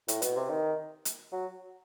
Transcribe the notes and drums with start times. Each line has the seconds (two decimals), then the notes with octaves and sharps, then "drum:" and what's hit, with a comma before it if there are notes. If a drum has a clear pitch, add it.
0.08 A2, drum: hi-hat
0.22 B2, drum: hi-hat
0.36 C3
0.50 D#3
1.05 drum: hi-hat
1.32 F#3